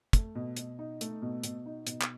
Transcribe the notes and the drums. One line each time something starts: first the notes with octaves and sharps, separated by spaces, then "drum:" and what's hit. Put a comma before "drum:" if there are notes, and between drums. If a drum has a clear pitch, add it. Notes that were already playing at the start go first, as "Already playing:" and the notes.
A3, drum: kick, hi-hat
B2
B2, drum: hi-hat
D#4
A3, drum: hi-hat
B2
B2, drum: hi-hat
D#4
B2, drum: hi-hat
drum: clap